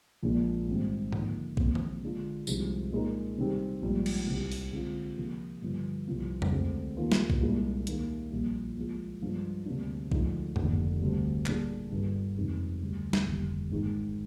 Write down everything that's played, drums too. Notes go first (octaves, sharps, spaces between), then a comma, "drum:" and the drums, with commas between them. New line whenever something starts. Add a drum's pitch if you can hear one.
A#1 A#2 G#3 D4
G#1 G#2 G3 C4
D#2 D3 F3 A#3 D#4, drum: tom G#2
A#1 A#2 G#3 C4, drum: kick
drum: tom D3
D3 G#3 D4 F4
C2 C3 F3 G#3 D#4, drum: tambourine
A#2 G#3 D#4 A#4
C3 D#3 G3 C4 G4
A#1 G#2 G3
drum: cymbal
C2 C3 G3
drum: open hi-hat
D3 G#3 C4 F4
C3 F3 A#3
G2 D3 F3
C2 C3 F3 C4 F4
drum: tom
D2 D3 G#3 C4
D#2 D#3 A#3 F4
drum: snare
drum: kick
C2 A#2 G#3
D#2 D#3 A#3, drum: hi-hat
A#1 A#2 G3
A#2 F3 G#3
G2 F3 G#3 D4
D2 C3 G3 A#3 D4
D2 D3 F3 G#3 D#4, drum: kick
F1 D#2 D3, drum: tom G#2
D2 C3 G3
A#2 G3 D4 G#4, drum: clap
G1 G2 D3
F2 C3 D#3 G#3
D2 D3 G3
drum: snare
F1 D#2 D3 G3
G#1 G#2 D#3 G#3